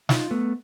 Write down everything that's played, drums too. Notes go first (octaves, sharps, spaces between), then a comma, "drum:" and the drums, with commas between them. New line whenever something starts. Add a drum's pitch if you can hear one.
D#4 F4, drum: snare
A3 B3